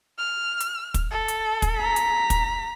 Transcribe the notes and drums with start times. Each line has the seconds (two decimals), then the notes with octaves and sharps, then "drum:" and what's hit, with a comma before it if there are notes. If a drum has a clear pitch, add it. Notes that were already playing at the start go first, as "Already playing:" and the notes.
0.18 F6
0.60 drum: hi-hat
0.94 drum: kick, hi-hat
1.11 A4
1.28 drum: hi-hat
1.62 drum: kick, hi-hat
1.78 A#5 B6
1.96 drum: hi-hat
2.30 drum: kick, hi-hat